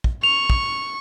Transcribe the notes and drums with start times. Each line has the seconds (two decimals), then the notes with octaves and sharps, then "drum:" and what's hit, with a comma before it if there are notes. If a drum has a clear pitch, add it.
0.04 drum: kick
0.23 C#6 F7
0.50 drum: kick